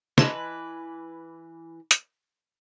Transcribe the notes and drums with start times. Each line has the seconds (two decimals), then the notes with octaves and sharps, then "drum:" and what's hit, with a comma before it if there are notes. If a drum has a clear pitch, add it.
0.18 E3 B4 D#5 A5 C6, drum: snare
1.91 drum: hi-hat